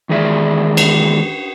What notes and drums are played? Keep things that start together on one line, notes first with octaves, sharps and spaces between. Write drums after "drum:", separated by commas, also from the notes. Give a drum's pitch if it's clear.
E2 D#3 G#3 G#4 D5 E5
drum: cymbal